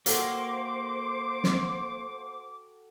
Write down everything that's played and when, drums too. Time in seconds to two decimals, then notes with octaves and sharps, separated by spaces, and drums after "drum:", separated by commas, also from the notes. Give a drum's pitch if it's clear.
0.06 A#3 F#4 A4 C5 G5 D6, drum: hi-hat
1.44 drum: snare